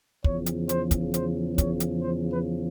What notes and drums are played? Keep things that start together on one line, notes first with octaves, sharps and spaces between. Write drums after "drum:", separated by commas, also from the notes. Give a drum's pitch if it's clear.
E2 C#3 F3 C#5, drum: kick
drum: hi-hat
C5, drum: hi-hat
drum: kick, hi-hat
C5, drum: hi-hat
C#5, drum: kick, hi-hat
drum: hi-hat
C5
B4